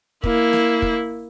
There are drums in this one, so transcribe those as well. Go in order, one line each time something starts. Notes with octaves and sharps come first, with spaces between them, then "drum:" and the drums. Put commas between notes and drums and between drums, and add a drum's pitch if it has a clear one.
A#3 E4, drum: kick
drum: snare
drum: kick